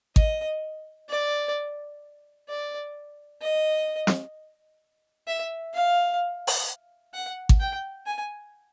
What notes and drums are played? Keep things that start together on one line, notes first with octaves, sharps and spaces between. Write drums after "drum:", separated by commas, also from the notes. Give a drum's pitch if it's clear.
D#5, drum: kick G#1
D5
D5
D#5
drum: snare
E5
F5
drum: open hi-hat
F#5
drum: kick G#1
G5
G#5